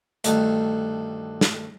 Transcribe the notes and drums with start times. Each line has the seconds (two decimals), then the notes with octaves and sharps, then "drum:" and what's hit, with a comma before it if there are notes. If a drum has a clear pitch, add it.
0.24 D2 G2 D#3 A3, drum: hi-hat
1.41 drum: snare